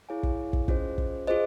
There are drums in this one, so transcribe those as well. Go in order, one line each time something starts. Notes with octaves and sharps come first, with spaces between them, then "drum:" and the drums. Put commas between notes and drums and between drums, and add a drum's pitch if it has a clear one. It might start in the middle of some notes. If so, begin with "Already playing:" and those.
E4 G#4 C#5 F5 G#5
drum: kick
drum: kick
C#4 F4 G#4 C5 D#5, drum: kick
drum: kick
F4 G#4 C5 D#5